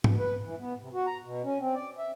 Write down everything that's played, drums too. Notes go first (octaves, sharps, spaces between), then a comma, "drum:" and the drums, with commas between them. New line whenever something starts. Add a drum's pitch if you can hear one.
B2, drum: tom
B4
E3
B3
C3
F#4
A#5
B2
C#4
C4
D5
E5